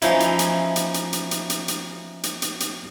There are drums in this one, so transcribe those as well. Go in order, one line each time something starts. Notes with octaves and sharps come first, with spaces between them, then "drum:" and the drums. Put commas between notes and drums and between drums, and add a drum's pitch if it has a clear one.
E3 F3 C#4 D#4 E4, drum: hi-hat
drum: hi-hat
drum: hi-hat
drum: hi-hat
drum: hi-hat
drum: hi-hat
drum: hi-hat
drum: hi-hat
drum: hi-hat
drum: hi-hat
drum: hi-hat
drum: hi-hat